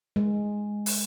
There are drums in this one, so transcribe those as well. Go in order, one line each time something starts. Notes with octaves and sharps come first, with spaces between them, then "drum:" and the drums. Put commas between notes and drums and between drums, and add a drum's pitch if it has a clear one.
G#3
drum: open hi-hat